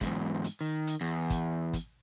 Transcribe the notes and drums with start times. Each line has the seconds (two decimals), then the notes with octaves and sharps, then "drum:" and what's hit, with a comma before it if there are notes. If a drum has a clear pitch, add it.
0.01 E2 G#2, drum: kick, hi-hat
0.44 drum: hi-hat
0.61 D#3
0.87 drum: hi-hat
1.01 E2
1.30 drum: kick, hi-hat
1.73 drum: kick, hi-hat